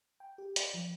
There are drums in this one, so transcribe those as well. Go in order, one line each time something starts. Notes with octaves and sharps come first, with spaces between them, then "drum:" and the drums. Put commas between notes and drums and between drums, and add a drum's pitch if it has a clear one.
G5
G4
D5, drum: hi-hat
F3